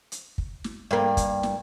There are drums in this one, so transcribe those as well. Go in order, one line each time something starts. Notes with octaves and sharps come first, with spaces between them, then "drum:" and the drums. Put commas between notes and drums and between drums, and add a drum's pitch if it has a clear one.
drum: hi-hat
drum: kick
drum: snare
G2 A#3
drum: kick, hi-hat
drum: snare